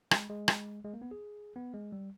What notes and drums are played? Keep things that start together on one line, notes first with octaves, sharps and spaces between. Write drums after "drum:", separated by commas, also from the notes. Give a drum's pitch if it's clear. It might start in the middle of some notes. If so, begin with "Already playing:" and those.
G#3, drum: rim click
G#3
drum: rim click
G#3
A#3
B3
G#4
B3
G#3
G3